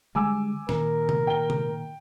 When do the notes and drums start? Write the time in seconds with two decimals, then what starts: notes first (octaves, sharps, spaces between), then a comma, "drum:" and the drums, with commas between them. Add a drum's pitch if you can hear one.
0.15 D3 G3 G#3 G#5 D6 E6
0.69 A#2 D#3 A#4, drum: snare
1.09 drum: tom C3
1.27 G5 G7
1.50 drum: tom C3